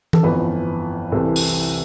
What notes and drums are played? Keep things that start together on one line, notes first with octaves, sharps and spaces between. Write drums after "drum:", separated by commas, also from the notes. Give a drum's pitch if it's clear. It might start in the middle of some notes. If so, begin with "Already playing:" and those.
A4, drum: tom E3
G1 F2 E3 B4
C2 C3 E3 A4
drum: open hi-hat